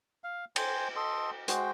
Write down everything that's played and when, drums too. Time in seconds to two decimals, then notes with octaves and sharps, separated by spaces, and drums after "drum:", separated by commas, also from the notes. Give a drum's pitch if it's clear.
0.24 F5
0.56 C5 G5 G#5, drum: cymbal
0.96 A4 D#5 C6
1.48 G#3 F#4 C5 G5, drum: hi-hat